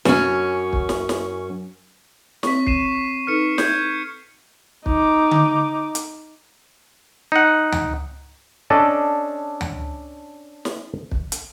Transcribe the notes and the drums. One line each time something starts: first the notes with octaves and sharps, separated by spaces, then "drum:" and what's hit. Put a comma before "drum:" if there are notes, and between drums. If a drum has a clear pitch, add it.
F#2 C#4, drum: snare
drum: kick
drum: snare
drum: snare
C4 C#5 C#6 B6, drum: snare
C7 D#7 E7, drum: kick
D#4 A4 B4 F6 C#7
G6 G#6, drum: snare
D#4 D6, drum: kick
drum: tom D3
drum: hi-hat
D#4 F#5
drum: tom D2
C#4 D4 A4 D5 D#5
drum: tom D2
drum: snare
drum: kick
drum: hi-hat